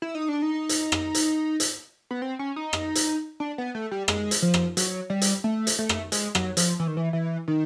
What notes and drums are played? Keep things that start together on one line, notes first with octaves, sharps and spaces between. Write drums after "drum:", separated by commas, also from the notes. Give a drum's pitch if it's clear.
E4
D#4
D4
D#4
drum: hi-hat
drum: rim click
drum: hi-hat
drum: hi-hat
B3
C4
C#4
D#4
drum: rim click
drum: hi-hat
D4
B3
A3
G3
G#3, drum: rim click
drum: hi-hat
F3
drum: rim click
F#3, drum: hi-hat
G3
drum: hi-hat
A3
drum: hi-hat
A3
drum: rim click
G#3, drum: hi-hat
F#3, drum: rim click
F3, drum: hi-hat
E3
D#3
E3
E3
D#3